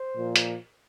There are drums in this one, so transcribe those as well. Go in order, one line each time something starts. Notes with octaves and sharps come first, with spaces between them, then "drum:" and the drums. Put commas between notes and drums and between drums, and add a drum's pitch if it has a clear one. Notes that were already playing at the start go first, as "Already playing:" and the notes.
Already playing: C5
A#2 F3 A#3
drum: hi-hat